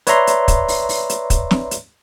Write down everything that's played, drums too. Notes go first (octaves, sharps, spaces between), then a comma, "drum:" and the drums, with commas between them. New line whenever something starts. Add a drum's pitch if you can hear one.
B4 C#5 D5 E5 A#5 C6, drum: hi-hat
drum: hi-hat
drum: kick, hi-hat
drum: open hi-hat
drum: open hi-hat
drum: hi-hat
drum: kick, hi-hat
drum: snare
drum: hi-hat